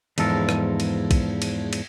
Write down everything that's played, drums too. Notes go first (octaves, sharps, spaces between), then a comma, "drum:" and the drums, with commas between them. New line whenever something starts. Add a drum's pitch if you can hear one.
E2 G#2 F3 A4 A#4, drum: cymbal
drum: rim click
drum: cymbal
drum: kick, cymbal
drum: cymbal
drum: cymbal